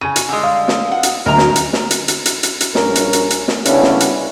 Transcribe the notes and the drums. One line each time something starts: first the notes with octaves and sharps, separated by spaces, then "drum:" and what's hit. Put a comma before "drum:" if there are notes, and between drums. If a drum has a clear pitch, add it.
C#3 G#5 D#7
drum: hi-hat
D3 G3 G#3
F5 D#6
drum: snare
F#5
drum: hi-hat
D2 F#3 A#4 D#5 A#5
drum: snare
drum: hi-hat
drum: snare
drum: hi-hat
drum: hi-hat
drum: hi-hat
drum: hi-hat
drum: hi-hat
A#1 G2 C#4 A#4, drum: snare
drum: hi-hat
drum: hi-hat
drum: hi-hat
drum: snare
C2 C#3 B3 C#4 D4 E4, drum: hi-hat
drum: snare
drum: hi-hat